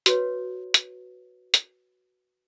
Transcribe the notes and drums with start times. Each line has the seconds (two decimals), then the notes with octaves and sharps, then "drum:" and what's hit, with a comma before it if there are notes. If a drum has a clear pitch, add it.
0.06 F#4 B4 C#5, drum: hi-hat
0.74 drum: hi-hat
1.54 drum: hi-hat